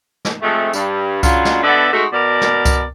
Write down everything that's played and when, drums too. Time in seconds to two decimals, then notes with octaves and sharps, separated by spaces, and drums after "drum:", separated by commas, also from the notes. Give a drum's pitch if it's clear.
0.25 drum: snare
0.42 C3 F3 G#3 A3
0.73 G2, drum: tambourine
1.23 C#3 F#3 D4 F4, drum: kick C2, tambourine
1.45 drum: snare
1.63 B2 D3 B3 A4 D5 E5
1.93 G#3 A3 D#4 F#4
2.13 B2 A#4 D5
2.41 drum: snare
2.65 drum: kick C2, tambourine